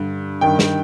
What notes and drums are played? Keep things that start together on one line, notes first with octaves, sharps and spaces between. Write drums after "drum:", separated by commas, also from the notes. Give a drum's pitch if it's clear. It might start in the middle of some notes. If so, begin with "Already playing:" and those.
Already playing: G2 D3
G2 D#3 G5
drum: snare